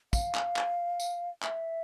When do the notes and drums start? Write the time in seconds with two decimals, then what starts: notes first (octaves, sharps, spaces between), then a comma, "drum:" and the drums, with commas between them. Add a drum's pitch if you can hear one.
0.13 F5, drum: kick, tambourine
0.35 drum: clap
0.56 drum: clap
1.00 drum: tambourine
1.43 E5, drum: clap